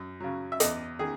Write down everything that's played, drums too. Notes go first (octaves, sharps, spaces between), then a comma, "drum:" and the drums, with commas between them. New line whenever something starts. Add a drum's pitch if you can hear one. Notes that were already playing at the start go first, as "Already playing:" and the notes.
Already playing: F#2
C#3 F#3
E5
E2 D#5, drum: hi-hat
D#3 G#4